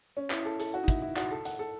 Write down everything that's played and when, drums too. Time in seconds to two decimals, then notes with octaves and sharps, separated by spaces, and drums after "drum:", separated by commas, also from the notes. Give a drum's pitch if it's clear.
0.17 C#4
0.30 E4, drum: clap
0.45 A4
0.60 A4, drum: hi-hat
0.74 F#4
0.83 D#4
0.88 E4, drum: kick, hi-hat
1.02 E4
1.17 F#4, drum: clap
1.31 A4
1.45 F#5, drum: hi-hat
1.59 A4